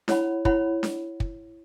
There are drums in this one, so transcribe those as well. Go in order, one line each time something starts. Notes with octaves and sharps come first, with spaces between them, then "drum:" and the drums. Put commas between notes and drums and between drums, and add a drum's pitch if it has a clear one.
E4 C#5 F#5 B5, drum: snare D4
E4 C#5 F#5 B5, drum: kick
drum: snare D4
drum: kick